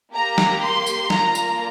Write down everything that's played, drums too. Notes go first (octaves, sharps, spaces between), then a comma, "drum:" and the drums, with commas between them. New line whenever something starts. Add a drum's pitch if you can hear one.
A#3 G4 A#5
drum: snare
C6
drum: tambourine
A#3 D4 F4 A#5, drum: snare
drum: tambourine